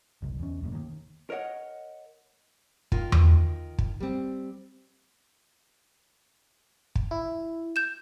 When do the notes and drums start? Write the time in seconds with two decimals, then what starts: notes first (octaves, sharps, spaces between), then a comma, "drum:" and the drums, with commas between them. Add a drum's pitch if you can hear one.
0.22 F#1 C2
0.39 E2 C#4
0.60 D#1 B1 F#2 A#3
0.72 D#3 A#3
1.30 A#4 C#5 D#5 F#5
2.92 D#3 F4, drum: kick
3.12 drum: tom E2
3.78 drum: kick
4.00 G3 C4
6.95 drum: kick
7.11 E4
7.76 G6 E7